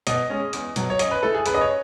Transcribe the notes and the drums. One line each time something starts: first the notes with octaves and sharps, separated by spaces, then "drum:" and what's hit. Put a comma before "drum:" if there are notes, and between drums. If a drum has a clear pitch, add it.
B2 D#5, drum: hi-hat
G#3 C#4
E2, drum: hi-hat
B2 F#3, drum: hi-hat
C#5
F#2 D#5, drum: hi-hat
B4
E3 A3 A4
G#4
F#2 B4, drum: hi-hat
D#5
C#5